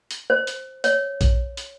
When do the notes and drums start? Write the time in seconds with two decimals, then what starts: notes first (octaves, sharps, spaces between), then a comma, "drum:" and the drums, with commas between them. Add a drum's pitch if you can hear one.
0.11 drum: hi-hat
0.30 C5
0.47 drum: hi-hat
0.84 C#5, drum: hi-hat
1.21 drum: kick A#1, hi-hat
1.57 drum: hi-hat